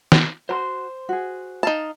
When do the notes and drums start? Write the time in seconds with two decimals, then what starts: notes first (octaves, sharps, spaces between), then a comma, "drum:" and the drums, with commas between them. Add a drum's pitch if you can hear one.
0.12 drum: snare
0.49 F#4 C5 A#5 C6
1.09 F#4 G#4
1.63 D#4 F5 A5